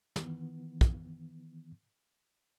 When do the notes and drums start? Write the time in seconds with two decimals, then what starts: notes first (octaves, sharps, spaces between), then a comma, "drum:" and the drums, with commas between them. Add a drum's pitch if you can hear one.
0.16 D#3 E3 B3, drum: snare
0.81 drum: kick